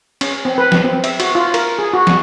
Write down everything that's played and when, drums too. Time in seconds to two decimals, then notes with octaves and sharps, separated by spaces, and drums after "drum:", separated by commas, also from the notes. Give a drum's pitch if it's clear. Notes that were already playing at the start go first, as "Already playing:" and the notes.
0.21 C#4, drum: cymbal
0.45 C4
0.58 B4
0.72 drum: snare
0.84 C4
1.04 E5, drum: cymbal
1.20 F#4, drum: cymbal
1.35 F4
1.54 A#4, drum: cymbal
1.79 G#4
1.94 F#4
2.07 drum: snare